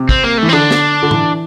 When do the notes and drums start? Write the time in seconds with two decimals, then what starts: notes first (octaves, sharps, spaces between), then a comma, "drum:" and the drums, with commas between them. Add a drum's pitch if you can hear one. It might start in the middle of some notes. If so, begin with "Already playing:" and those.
Already playing: C3
0.09 C4, drum: kick
0.24 A#3
0.38 A3
0.43 E3
0.49 C4
0.53 D3 D4
0.71 drum: snare
1.03 D3
1.11 E3, drum: tom A2